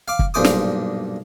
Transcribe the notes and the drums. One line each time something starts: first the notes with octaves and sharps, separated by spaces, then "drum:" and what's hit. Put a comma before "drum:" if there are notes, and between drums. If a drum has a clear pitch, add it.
F5 D6
drum: kick
B1 G2 A#2 C5 D6 D#6
drum: snare